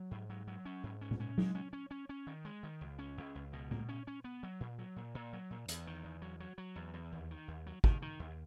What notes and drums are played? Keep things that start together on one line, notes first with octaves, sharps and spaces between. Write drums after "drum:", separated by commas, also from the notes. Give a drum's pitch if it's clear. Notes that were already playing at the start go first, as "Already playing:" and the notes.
Already playing: F#3
G#2
F#3
F#3
C#4
G#2
C#4
drum: tom A#2
C#4
G#3, drum: tom F#3
C#4
C#4
C#4
C#4
D#3
G#3
D#3
C#2
C#4
C#2
C#2
B2
A#3, drum: tom A#2
C#4
C#4
B3
F#3
A#2
F#3
A#2
A#2
F#3
A#2
E2, drum: hi-hat
D#3
E2
F#3
F#3
F#3
E2
E2
D#2
D#3
D#2
F#3
D#3, drum: kick
D#3
D#2